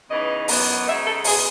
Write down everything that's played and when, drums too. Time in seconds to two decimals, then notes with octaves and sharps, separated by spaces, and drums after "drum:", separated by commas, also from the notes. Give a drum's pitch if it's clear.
0.10 C#3 E3 B3 D#4 D#5
0.48 F#2 E3 B3, drum: open hi-hat
0.86 C#3 G#3 D#4 E5
1.06 A4
1.24 B2 G#3 B3 G#4, drum: open hi-hat